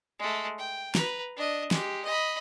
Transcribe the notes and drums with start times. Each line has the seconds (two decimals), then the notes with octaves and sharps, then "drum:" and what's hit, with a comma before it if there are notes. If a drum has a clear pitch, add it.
0.19 G#3 A3
0.58 G5
0.95 B4 A#5, drum: snare
1.37 D4 D#5
1.71 G#3 G4, drum: snare
2.05 D#5 B5